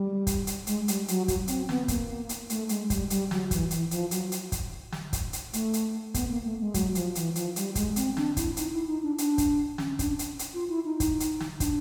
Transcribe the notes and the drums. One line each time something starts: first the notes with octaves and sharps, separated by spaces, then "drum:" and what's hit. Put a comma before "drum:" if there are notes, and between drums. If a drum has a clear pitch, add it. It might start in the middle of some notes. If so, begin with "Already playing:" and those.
Already playing: G3
drum: kick, hi-hat
drum: hi-hat
G#3, drum: hi-hat
G3, drum: hi-hat
F#3, drum: hi-hat
F#3, drum: kick, hi-hat
C4, drum: hi-hat
B3, drum: snare
A#3, drum: kick, hi-hat
drum: hi-hat
A3, drum: hi-hat
G#3, drum: hi-hat
G3, drum: kick, hi-hat
G3, drum: hi-hat
F#3, drum: snare
E3, drum: kick, hi-hat
E3, drum: hi-hat
F3, drum: hi-hat
F#3, drum: hi-hat
drum: hi-hat
drum: kick, hi-hat
drum: snare
drum: kick, hi-hat
drum: hi-hat
A3, drum: hi-hat
drum: hi-hat
B3, drum: kick, hi-hat
A#3
A3
G#3
F#3, drum: kick, hi-hat
F3, drum: hi-hat
E3, drum: hi-hat
F3, drum: hi-hat
G3, drum: hi-hat
G#3, drum: kick, hi-hat
C4, drum: hi-hat
D4, drum: snare
E4, drum: kick, hi-hat
D#4, drum: hi-hat
E4
D#4
D4
D4, drum: hi-hat
drum: kick, hi-hat
C#4, drum: snare
D4, drum: kick, hi-hat
drum: hi-hat
drum: hi-hat
F4
E4
D#4
drum: kick, hi-hat
drum: hi-hat
drum: snare
D4, drum: kick, hi-hat